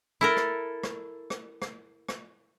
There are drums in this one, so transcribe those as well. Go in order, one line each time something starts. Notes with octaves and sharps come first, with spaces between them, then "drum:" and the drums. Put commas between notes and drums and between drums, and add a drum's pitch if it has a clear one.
E4 A4 A#4
drum: rim click
drum: rim click
drum: rim click
drum: rim click
drum: rim click